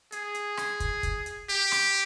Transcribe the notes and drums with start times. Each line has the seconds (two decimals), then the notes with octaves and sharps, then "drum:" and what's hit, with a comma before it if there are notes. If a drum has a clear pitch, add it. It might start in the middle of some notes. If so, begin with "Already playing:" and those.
0.12 G#4, drum: hi-hat
0.35 drum: hi-hat
0.57 drum: rim click
0.80 drum: kick, hi-hat
1.03 drum: kick, hi-hat
1.26 drum: hi-hat
1.49 G4, drum: hi-hat
1.72 drum: rim click